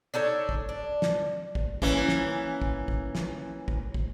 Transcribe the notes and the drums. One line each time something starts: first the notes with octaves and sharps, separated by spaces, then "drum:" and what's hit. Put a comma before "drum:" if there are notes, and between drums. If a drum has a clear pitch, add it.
D4 D#4 A4 C#5
drum: kick
D4
drum: snare
drum: kick
E3 A#3 C#4, drum: kick
drum: snare
drum: kick
drum: kick
drum: snare
drum: kick
drum: kick